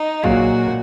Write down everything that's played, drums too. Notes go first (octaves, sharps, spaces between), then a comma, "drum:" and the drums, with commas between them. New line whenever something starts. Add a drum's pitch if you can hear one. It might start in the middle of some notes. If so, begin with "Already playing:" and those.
Already playing: D#4
A#2 F#3 A#3 F4 F#4 G#4, drum: kick
A#2